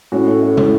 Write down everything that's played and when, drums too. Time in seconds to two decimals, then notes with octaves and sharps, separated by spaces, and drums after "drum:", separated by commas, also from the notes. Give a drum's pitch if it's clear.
0.12 A2 C#4 F#4
0.27 A3
0.43 A3
0.57 A2, drum: tom